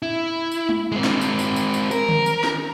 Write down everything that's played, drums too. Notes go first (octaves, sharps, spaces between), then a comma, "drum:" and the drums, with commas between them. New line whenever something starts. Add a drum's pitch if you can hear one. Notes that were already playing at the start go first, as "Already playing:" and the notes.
E4
drum: tambourine
drum: tom G#3
G#3 C4
drum: snare
drum: tambourine
drum: tambourine
drum: tambourine
drum: tambourine
A#4, drum: tambourine
drum: tom D3
drum: tambourine
drum: snare